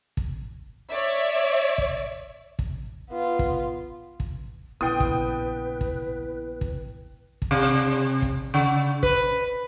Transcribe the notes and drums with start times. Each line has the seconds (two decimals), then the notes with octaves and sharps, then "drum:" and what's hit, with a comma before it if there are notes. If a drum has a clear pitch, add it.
0.17 drum: kick
0.91 C#5 D5 E5
1.78 drum: kick
2.59 drum: kick
3.11 B3 F4
3.39 drum: kick
4.20 drum: kick
4.81 A#1 C#3 B3 E4 B4 G5 D#6
5.00 drum: kick
5.81 drum: kick
6.61 drum: kick
7.42 drum: kick
7.51 C3
8.22 drum: kick
8.54 C#3
9.03 B4, drum: kick